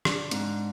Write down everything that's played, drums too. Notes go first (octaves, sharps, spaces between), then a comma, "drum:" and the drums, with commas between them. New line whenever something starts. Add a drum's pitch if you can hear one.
D4, drum: rim click
G#2, drum: hi-hat